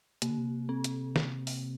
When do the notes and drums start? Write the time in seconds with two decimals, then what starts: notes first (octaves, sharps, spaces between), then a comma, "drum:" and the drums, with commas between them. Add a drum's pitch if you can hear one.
0.22 C3 A#3, drum: hi-hat
0.30 D3
0.38 C3
0.69 C4
0.84 drum: hi-hat
1.16 drum: snare
1.47 drum: open hi-hat